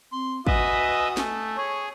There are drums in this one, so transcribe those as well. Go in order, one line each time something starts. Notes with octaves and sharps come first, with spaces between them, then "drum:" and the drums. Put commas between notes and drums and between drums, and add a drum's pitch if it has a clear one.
C4 C6
F#4 B4 D#5 E5 G#5 D#6, drum: kick
A3 G#5, drum: snare
G#4 C#5